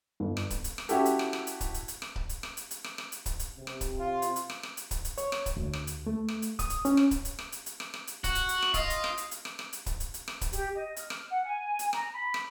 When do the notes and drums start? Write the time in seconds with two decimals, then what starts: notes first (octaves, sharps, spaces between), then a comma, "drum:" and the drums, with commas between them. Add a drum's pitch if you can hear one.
0.20 G1
0.37 drum: rim click
0.50 drum: kick C#1, hi-hat
0.64 drum: hi-hat
0.78 drum: rim click
0.89 C#4 E4 F#4 G4 A4, drum: hi-hat
1.05 drum: hi-hat
1.19 drum: rim click
1.33 drum: rim click
1.47 drum: hi-hat
1.61 drum: kick C#1, hi-hat
1.74 drum: hi-hat
1.88 drum: hi-hat
2.02 drum: rim click
2.16 drum: kick C#1
2.29 drum: hi-hat
2.43 drum: rim click
2.57 drum: hi-hat
2.71 drum: hi-hat
2.84 drum: rim click
2.98 drum: rim click
3.12 drum: hi-hat
3.26 drum: kick C#1, hi-hat
3.39 drum: hi-hat
3.57 C3
3.67 drum: rim click
3.81 drum: kick C#1, hi-hat
3.99 F4
4.22 drum: hi-hat
4.36 drum: hi-hat
4.50 drum: rim click
4.63 drum: rim click
4.77 drum: hi-hat
4.91 drum: kick C#1, hi-hat
5.05 drum: hi-hat
5.18 C#5, drum: hi-hat
5.32 drum: rim click
5.46 drum: kick C#1, hi-hat
5.57 D2
5.73 drum: rim click
5.87 drum: hi-hat
6.07 A3
6.28 drum: rim click
6.42 drum: hi-hat
6.59 D#6, drum: kick C#1, hi-hat
6.70 drum: hi-hat
6.85 C#4, drum: hi-hat
6.97 drum: rim click
7.11 drum: kick C#1, hi-hat
7.25 drum: hi-hat
7.39 drum: rim click
7.52 drum: hi-hat
7.66 drum: hi-hat
7.80 drum: rim click
7.94 drum: rim click
8.07 drum: hi-hat
8.24 F#4, drum: kick C#1, hi-hat
8.35 drum: hi-hat
8.49 drum: hi-hat
8.62 drum: rim click
8.74 F4 D#5, drum: kick C#1, hi-hat
8.90 drum: hi-hat
9.04 drum: rim click
9.17 drum: hi-hat
9.31 drum: hi-hat
9.45 drum: rim click
9.59 drum: rim click
9.73 drum: hi-hat
9.86 drum: kick C#1, hi-hat
10.00 drum: hi-hat
10.14 drum: hi-hat
10.28 drum: rim click
10.41 drum: kick C#1, hi-hat
10.53 G4, drum: hi-hat
10.74 D#5
10.96 F6, drum: hi-hat
11.10 drum: rim click
11.29 F#5
11.44 G#5
11.79 drum: hi-hat
11.93 A#5, drum: rim click
12.13 B5
12.34 drum: rim click